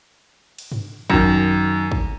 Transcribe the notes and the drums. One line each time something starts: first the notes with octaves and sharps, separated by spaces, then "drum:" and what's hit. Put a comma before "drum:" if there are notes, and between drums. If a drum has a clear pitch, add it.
drum: cymbal
drum: tom G2
F#2 D#3, drum: kick
drum: kick